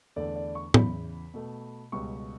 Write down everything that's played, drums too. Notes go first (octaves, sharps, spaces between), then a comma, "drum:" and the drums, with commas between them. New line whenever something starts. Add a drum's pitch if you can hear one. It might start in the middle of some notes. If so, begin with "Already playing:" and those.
E2 D3 A3 D5
D5
C#6
E2 C#3 E3 B5, drum: tom A2
B2 A3
C#2 B2 G3 C#6